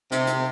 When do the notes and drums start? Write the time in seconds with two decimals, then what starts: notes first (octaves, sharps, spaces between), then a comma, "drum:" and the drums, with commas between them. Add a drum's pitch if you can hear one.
0.12 C3, drum: hi-hat
0.27 drum: hi-hat